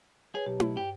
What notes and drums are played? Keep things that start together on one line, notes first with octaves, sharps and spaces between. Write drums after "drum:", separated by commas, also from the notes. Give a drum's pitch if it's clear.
G#4 B4 C#5
B1 G4
drum: tom E4
G2 G4